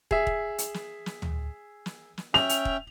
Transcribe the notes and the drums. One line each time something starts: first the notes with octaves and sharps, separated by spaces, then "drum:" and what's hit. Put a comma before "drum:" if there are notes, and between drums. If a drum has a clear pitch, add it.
G#4 E5, drum: kick
drum: kick
drum: hi-hat
drum: snare
drum: snare
drum: tom
drum: snare
drum: snare
C#4 E5 G5 F7, drum: snare
drum: hi-hat
drum: kick